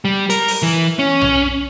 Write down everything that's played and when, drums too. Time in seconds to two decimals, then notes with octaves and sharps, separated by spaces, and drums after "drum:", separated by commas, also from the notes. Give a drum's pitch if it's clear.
0.05 G3
0.30 A#4, drum: hi-hat
0.48 drum: open hi-hat
0.62 E3
0.99 C#4
1.21 drum: tom B1